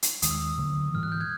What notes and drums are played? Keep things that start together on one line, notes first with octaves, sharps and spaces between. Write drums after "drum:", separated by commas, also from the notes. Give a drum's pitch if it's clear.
drum: hi-hat
D#2 D#3 G#3 D#6, drum: hi-hat
E6
D#6
E6
D2 D3 F#3 A#3
G#2 E3 G3 F6
F#6
G6
F#6 G#6